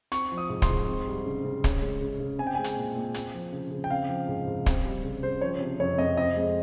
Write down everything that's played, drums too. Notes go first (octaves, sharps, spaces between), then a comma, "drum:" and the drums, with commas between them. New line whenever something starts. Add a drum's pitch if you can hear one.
C4 C#6, drum: hi-hat
F3
D#6
G#2
C6, drum: kick, hi-hat
G#2
C4
G3
C#3
C#3
C#4, drum: kick, hi-hat
G#3
C#3
C#3
C4 G#5
G5
G#3 G#5
drum: hi-hat
A#2
A#2
C4, drum: hi-hat
F3
C#3
C#3
G5
C4 F5
F3
G#2
G#2
C4, drum: kick, hi-hat
G3
C#3
C#3 C5
F3 C#5
C3
F2 C#5
F2 D#5
C4 D#5
G#3